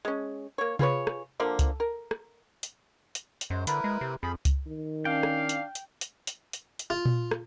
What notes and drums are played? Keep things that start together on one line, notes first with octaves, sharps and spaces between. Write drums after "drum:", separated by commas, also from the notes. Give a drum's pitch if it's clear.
G#3 C#4
A#3 C#5
F4 G#4 B4 C#5, drum: tom C3
drum: rim click
D3 F3 A#3 D5
drum: kick C#2, hi-hat
A#4
drum: rim click
drum: hi-hat
drum: hi-hat
drum: hi-hat
F#2 G#3 C5
D3 E4 A#4 B4, drum: hi-hat
G#3
C3
F2 G#4 B5
drum: kick C#2, hi-hat
D#3
C#4 D4 F5 G5
drum: rim click
drum: hi-hat
drum: hi-hat
drum: hi-hat
drum: hi-hat
drum: hi-hat
drum: hi-hat
F4
drum: tom A#2
drum: rim click